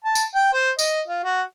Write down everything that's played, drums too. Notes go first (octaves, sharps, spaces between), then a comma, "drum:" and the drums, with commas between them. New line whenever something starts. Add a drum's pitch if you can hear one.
A5
drum: tambourine
G5
C5
D#5, drum: tambourine
F4
F#4